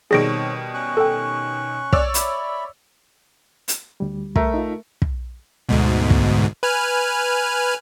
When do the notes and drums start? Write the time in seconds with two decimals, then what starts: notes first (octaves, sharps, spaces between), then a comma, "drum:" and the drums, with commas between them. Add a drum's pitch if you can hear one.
0.11 B2 D#3 G3 C4 G#4 C#5 A#6 D7
0.74 C#4 C#6 F#6
0.97 A4 G5
1.93 C#5 D5 E6, drum: kick
2.14 E5 B5, drum: hi-hat
3.68 drum: hi-hat
4.00 D2 G3
4.36 A3 A#4 E5, drum: kick
4.54 D#4 F4
5.02 drum: kick
5.69 D2 G#2 B2
6.10 drum: kick
6.63 B4 G#5 F6